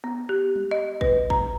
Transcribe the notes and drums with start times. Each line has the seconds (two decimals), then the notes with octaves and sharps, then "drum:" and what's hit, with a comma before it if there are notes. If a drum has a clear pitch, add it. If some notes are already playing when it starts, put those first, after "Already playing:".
0.04 B3
0.29 G4
0.56 drum: tom G3
0.71 D#5
1.01 B4, drum: kick
1.30 A#5, drum: kick